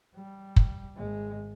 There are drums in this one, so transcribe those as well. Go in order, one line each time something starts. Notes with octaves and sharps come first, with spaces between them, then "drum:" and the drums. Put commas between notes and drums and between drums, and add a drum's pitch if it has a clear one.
G3
drum: kick
G#1 G#3